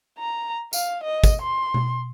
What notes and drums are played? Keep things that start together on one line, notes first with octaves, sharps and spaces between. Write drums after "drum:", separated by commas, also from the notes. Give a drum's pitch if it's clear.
A#5
F5, drum: tambourine
D#5
drum: kick, tambourine
C6
drum: tom B2